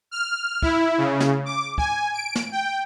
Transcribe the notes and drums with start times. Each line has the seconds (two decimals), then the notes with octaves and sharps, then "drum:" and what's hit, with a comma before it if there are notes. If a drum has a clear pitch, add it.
0.11 F6
0.63 E4, drum: kick
0.98 C#3
1.20 drum: snare
1.45 D6
1.78 G#5, drum: kick
2.14 D7
2.35 drum: snare
2.52 G5